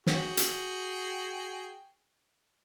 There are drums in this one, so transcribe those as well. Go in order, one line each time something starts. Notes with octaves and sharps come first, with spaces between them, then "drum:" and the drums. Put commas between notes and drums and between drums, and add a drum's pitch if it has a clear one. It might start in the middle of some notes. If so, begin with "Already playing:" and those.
F#4 G#4 G5, drum: snare
drum: hi-hat